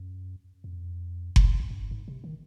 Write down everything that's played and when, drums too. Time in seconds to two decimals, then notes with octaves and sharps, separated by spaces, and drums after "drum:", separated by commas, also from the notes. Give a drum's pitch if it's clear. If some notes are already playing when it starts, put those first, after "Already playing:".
Already playing: F#2
0.64 F2
1.36 drum: kick F#1
1.60 F#2
1.71 F#2
1.76 G2
1.91 G#2
2.08 C3
2.24 D#3